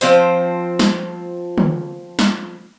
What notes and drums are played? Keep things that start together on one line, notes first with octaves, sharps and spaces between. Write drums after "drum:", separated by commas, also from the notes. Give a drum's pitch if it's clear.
F3 C4 C5, drum: tambourine
drum: snare
drum: tom
drum: snare